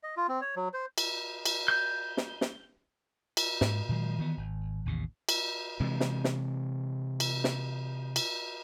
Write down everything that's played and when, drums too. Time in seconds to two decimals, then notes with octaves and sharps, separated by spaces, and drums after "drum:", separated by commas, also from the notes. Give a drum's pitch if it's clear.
0.03 D#5
0.17 F4
0.29 C4
0.41 C#5
0.56 F#3
0.74 C5
0.98 drum: cymbal
1.46 drum: cymbal
1.68 G6
2.17 drum: snare
2.41 drum: snare
3.37 drum: cymbal
3.61 G#2, drum: snare
3.89 A#2 D#3 F#3 G#3
4.18 D#3 E3 B3
4.37 G#1
4.86 A1 D#2 C3
5.29 drum: cymbal
5.80 C3 E3 G#3
6.00 drum: snare
6.24 drum: snare
7.20 drum: cymbal
7.44 drum: snare
8.16 drum: cymbal